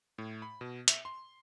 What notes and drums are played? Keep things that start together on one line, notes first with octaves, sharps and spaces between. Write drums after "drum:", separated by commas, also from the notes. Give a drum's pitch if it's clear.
A2
B5
B2
E5, drum: hi-hat
C6